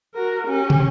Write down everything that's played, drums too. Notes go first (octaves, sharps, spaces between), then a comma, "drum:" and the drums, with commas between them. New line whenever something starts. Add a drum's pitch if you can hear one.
F#4 A#4
C#4 G4
drum: tom